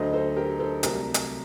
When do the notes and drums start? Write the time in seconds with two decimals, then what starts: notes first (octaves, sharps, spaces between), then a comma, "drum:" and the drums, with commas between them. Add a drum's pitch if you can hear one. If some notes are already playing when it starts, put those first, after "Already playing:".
Already playing: D2 D3 F#3 A3 C5 D#5
0.13 A4 C5
0.36 G4 A#4
0.59 A4 C5
0.83 C2 C3 F#3 A3 G4 A#4, drum: hi-hat
1.14 drum: hi-hat